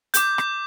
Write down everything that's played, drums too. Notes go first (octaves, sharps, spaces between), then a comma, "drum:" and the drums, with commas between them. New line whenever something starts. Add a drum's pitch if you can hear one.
D6 G6, drum: hi-hat
drum: rim click